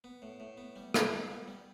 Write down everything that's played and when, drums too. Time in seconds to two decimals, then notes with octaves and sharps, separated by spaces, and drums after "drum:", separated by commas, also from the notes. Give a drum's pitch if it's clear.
0.04 B3
0.22 A2
0.40 A2
0.58 B3
0.76 G3
0.94 G3, drum: rim click
1.12 B3
1.30 G3
1.48 G3